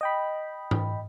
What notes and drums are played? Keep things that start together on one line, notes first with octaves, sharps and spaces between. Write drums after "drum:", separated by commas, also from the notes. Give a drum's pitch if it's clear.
D#5 G5 B5
drum: tom G#2